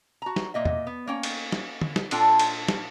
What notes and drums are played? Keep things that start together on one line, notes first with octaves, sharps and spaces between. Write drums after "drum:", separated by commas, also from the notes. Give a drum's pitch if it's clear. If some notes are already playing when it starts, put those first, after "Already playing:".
F#4 A#5
drum: snare
A#2 A#3 D#5 E5
drum: tom
B3
A#3 C#4 G5
drum: cymbal
drum: snare
drum: tom
drum: snare
A#2 D4 F4 A4 G5 A5, drum: cymbal
drum: cymbal
drum: snare